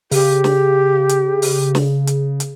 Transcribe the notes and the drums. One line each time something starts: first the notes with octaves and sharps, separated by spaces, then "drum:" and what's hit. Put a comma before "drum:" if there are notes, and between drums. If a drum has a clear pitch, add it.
C#3 G4, drum: open hi-hat
drum: snare
drum: hi-hat
drum: open hi-hat
drum: snare
drum: hi-hat
drum: hi-hat